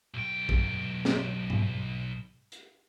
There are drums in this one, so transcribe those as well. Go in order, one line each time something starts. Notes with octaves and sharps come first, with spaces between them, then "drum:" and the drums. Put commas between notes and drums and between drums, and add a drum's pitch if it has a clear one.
B1 G5
drum: kick
drum: snare
drum: tom G#2
drum: hi-hat